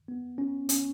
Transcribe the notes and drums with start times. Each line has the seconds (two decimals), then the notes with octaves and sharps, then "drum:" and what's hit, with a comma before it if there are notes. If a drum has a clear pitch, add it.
0.08 B3
0.38 C#4
0.69 C#4, drum: hi-hat